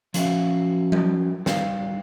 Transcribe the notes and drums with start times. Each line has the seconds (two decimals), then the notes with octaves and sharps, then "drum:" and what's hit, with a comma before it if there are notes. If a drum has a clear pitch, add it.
0.14 F3 F#3 C#4 F#4 E5 F5, drum: hi-hat
0.92 drum: tom F#3
1.46 G3 F5, drum: snare